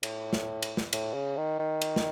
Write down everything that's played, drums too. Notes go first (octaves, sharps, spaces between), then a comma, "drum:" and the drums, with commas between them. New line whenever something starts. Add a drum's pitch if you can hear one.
A2, drum: cymbal
drum: snare
drum: cymbal
drum: snare
A2, drum: cymbal
C#3
D#3
D#3
drum: cymbal
drum: snare